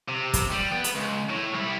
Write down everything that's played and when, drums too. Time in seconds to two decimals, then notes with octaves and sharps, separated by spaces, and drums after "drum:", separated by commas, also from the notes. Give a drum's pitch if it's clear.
0.08 C3
0.34 drum: kick, hi-hat
0.51 G3
0.71 B3
0.84 drum: hi-hat
0.95 C#2
1.29 A2
1.54 G3 E4